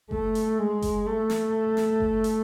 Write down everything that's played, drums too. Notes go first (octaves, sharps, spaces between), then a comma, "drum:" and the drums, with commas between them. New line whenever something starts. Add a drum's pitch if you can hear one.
A3, drum: kick F#1
drum: hi-hat
G#3
drum: kick F#1, hi-hat
A3
drum: snare
drum: snare
drum: kick F#1
drum: hi-hat